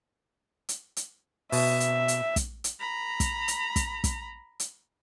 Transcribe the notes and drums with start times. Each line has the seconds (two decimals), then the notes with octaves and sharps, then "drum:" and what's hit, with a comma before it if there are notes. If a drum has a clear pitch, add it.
0.69 drum: hi-hat
0.97 drum: hi-hat
1.52 B2 E5, drum: open hi-hat
1.80 drum: hi-hat
2.08 drum: hi-hat
2.36 drum: kick, hi-hat
2.64 drum: hi-hat
2.80 A#5 B5
3.20 drum: kick, hi-hat
3.48 drum: hi-hat
3.76 drum: kick, hi-hat
4.04 drum: kick, hi-hat
4.60 drum: hi-hat